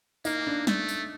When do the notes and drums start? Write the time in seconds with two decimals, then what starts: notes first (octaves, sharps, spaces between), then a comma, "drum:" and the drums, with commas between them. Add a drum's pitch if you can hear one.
0.25 A#3 D#4, drum: tambourine
0.47 D4
0.67 A3, drum: snare
0.89 drum: tambourine